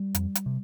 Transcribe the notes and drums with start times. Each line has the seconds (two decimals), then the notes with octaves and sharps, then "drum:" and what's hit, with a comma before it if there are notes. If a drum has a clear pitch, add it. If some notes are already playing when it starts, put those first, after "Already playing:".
Already playing: G3
0.15 F2, drum: hi-hat
0.35 drum: hi-hat
0.46 C3